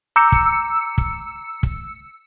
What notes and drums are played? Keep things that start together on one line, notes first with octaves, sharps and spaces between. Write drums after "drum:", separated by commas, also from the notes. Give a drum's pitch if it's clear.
A#5 D6 E6 G6 C#7
drum: kick
drum: kick
drum: kick